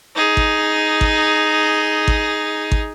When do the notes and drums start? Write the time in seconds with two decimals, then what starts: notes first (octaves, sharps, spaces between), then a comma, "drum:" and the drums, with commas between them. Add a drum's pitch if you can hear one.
0.16 D#4 G#4
0.37 drum: kick G#1
1.01 drum: kick G#1
2.08 drum: kick G#1
2.72 drum: kick G#1